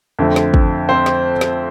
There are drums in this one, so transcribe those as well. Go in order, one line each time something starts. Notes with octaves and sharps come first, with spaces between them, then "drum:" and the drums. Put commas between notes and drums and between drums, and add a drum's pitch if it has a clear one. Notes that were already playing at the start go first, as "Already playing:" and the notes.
F2 D3 A3 C4
drum: snare
drum: kick
C4 C5
drum: snare
drum: snare